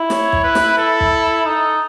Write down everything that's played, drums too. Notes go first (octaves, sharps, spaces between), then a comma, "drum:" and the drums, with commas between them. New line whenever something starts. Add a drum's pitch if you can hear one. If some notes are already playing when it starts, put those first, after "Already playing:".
Already playing: E4
C#5, drum: snare
drum: kick
B4
drum: snare
A4
drum: kick
D#4 A4